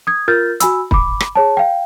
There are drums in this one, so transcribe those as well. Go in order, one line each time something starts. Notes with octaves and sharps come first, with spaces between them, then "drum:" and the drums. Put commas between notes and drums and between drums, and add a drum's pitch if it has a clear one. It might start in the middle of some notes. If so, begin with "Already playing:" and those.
D#6 G#6
F4 A#4 F6 G6 A6
F#4 G#5 B5 E6, drum: hi-hat
B5 D6, drum: kick
drum: rim click
G#4 C#5 A5
F5 G5